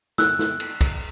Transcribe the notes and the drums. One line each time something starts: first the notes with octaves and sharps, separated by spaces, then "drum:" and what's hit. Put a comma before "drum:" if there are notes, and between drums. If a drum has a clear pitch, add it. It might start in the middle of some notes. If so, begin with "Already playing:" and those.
E6 F#6, drum: snare
drum: snare
drum: cymbal
drum: kick, cymbal